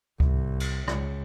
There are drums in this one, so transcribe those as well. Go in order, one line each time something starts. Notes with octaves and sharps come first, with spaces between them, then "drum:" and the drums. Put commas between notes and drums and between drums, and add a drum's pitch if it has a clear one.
C2, drum: kick C#2
drum: cymbal
C#2, drum: rim click